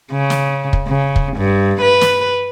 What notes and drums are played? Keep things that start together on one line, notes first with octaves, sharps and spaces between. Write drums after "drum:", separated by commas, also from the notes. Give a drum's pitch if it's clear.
C#3
drum: snare
drum: kick
C#3
drum: kick
G2
B4
drum: snare